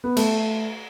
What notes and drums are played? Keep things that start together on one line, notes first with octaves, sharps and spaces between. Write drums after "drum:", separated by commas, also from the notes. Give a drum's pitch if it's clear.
B3
A3, drum: cymbal